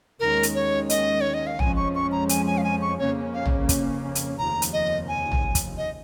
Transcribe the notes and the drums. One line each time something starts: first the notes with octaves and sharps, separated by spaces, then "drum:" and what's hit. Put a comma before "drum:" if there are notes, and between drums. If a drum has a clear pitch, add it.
D#2 D#3 G#3 C#4 A#4
drum: hi-hat
C#5
D#5, drum: hi-hat
C#5
D#5
F5
F2 F3 G#3 C#4 G#5, drum: tom A1
C#6
C#6
A#5
G#5, drum: hi-hat
G#5
F5
G#5
C#6
F2 C#3 A#3 C#4 C#5
F5
drum: tom A1
drum: kick, hi-hat
drum: hi-hat
F1 D#2 C#3 F3 A#5
drum: hi-hat
D#5
G#5
drum: tom A1
drum: kick, hi-hat
D#5